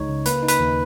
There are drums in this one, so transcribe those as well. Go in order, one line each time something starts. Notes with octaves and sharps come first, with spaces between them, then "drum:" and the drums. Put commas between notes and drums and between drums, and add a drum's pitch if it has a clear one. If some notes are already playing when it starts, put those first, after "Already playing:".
Already playing: C#2 G#3 D#4 C#5
C#3
A#3 B4, drum: hi-hat
D#4
B4, drum: hi-hat
D#2